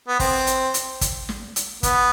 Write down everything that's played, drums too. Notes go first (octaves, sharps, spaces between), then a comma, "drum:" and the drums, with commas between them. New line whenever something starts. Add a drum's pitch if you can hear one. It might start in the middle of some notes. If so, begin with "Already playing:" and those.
B3
C4, drum: kick, open hi-hat
drum: hi-hat
drum: hi-hat
drum: kick, hi-hat
drum: snare
drum: hi-hat
B3, drum: kick, hi-hat